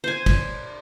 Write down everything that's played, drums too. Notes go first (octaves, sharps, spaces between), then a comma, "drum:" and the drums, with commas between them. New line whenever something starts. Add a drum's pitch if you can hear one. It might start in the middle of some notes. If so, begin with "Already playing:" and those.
C5 G#5
drum: kick, cymbal